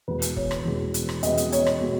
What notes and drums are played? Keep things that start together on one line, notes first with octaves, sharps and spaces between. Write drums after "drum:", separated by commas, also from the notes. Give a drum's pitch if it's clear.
E2 B2 G#3 B3 B4
drum: hi-hat
C#5, drum: kick
drum: rim click
E2 B2 G#3 B3
drum: hi-hat
drum: rim click
E2 B2 G#3 B3 D#5, drum: hi-hat
drum: hi-hat
C#5, drum: hi-hat
drum: rim click
B2 G#3 B3